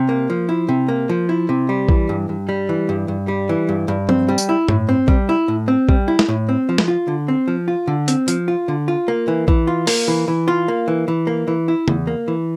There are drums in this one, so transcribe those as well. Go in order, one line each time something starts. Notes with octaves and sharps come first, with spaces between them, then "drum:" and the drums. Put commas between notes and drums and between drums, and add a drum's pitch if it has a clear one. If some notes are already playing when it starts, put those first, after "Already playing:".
Already playing: C3
A#3
F3
E4
C3
A#3
F3
E4
C3
G3
E3, drum: kick A#1
G2
G2
G3
E3
G2
G2
G3
E3
G2
G2
C4, drum: tom F3
G3
drum: tambourine
E4
A2, drum: tom G2
C4
G3, drum: kick A#1
E4
A2
C4
G3, drum: kick A#1
E4
drum: snare
A2
C4
F3
drum: snare
F4
D3
C4
F3
F4
D3
C4, drum: hi-hat
F3, drum: hi-hat
F4
D3
F4
A#3
E3
E3, drum: kick A#1
F4
A#3, drum: open hi-hat
E3
E3
F4
A#3
E3
E3
A#3
E3
E4
E2, drum: tom
A#3
E3